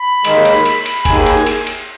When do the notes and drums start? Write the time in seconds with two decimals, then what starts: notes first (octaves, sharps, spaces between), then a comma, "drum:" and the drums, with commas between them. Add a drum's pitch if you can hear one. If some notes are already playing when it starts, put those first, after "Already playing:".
Already playing: B5
0.25 D#2 D#3 G#3, drum: cymbal
0.45 drum: cymbal
0.65 drum: cymbal
0.86 drum: cymbal
1.05 D#2 D#3 G#3 G#5, drum: kick G1, cymbal
1.26 drum: cymbal
1.46 drum: cymbal
1.67 drum: cymbal